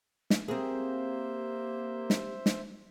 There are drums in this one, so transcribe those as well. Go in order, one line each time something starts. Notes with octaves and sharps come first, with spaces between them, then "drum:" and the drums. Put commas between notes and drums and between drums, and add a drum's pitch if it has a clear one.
drum: snare
A#3 C4 G4 G#4 C5 E5
drum: snare
drum: snare